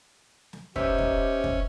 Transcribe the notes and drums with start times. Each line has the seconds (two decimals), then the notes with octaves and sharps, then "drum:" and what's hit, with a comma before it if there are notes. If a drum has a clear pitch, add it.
0.53 drum: snare
0.76 B3 C#4 D#4 G4 C5 E5, drum: kick
0.98 drum: kick
1.44 drum: kick